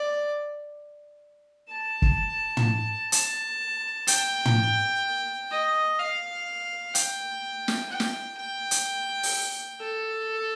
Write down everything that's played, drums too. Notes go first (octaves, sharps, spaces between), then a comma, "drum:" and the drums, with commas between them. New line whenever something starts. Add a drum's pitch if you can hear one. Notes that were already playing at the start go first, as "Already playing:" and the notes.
Already playing: D5
A5
drum: kick
drum: tom
A5, drum: hi-hat
G5, drum: hi-hat
drum: tom
D#5
F5
G5, drum: hi-hat
drum: snare
G5
drum: snare
G5
drum: hi-hat
drum: open hi-hat
A4